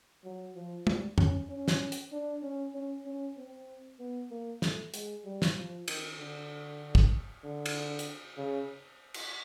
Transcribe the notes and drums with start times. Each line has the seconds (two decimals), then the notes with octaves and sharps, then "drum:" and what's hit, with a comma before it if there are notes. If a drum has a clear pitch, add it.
0.25 F#3
0.56 F3
0.87 G3, drum: tom
1.18 C#4, drum: tom F2
1.49 C#4
1.68 drum: snare
1.92 drum: hi-hat
2.12 D4
2.43 C#4
2.75 C#4
3.06 C#4
3.37 C4
4.00 B3
4.31 A#3
4.62 A3, drum: snare
4.94 G#3, drum: hi-hat
5.25 G3
5.42 drum: snare
5.56 F3
5.88 D#3, drum: cymbal
6.18 D3
6.95 drum: kick
7.44 D3
7.66 drum: cymbal
7.99 drum: hi-hat
8.37 C#3
9.14 drum: cymbal